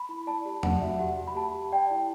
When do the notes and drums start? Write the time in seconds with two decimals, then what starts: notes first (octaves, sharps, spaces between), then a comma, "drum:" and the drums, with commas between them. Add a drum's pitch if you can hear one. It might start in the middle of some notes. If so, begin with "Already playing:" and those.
Already playing: B5
0.09 E4
0.27 D5 A5
0.45 G4
0.63 D5 F#5, drum: tom
0.81 F#4 E5
0.99 G4 F#5
1.18 G4
1.27 B5
1.35 G4 A5
1.55 G4
1.72 D5 G5
1.91 E4